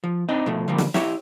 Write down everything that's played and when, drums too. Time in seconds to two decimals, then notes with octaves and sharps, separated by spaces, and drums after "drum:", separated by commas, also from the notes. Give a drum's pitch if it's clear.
0.04 F3
0.29 C4 D4 D#4 D#5
0.46 B2 F3 A3
0.68 D3 F3 G3 A#3
0.78 drum: snare
0.94 E4 G4 C#5 E5, drum: snare